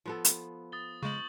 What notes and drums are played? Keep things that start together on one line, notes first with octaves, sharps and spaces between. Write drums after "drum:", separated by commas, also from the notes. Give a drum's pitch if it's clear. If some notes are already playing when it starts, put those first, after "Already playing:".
F3 B3 A4
drum: hi-hat
D#6 A6 G7
C#3 G#3 C#6 G6 F#7